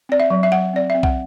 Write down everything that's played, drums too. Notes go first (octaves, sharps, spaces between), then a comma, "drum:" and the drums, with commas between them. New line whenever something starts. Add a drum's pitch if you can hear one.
C4 D5
E5
F#3
E5
F#3 F#5
C4 D5
C4 E5
F#5, drum: kick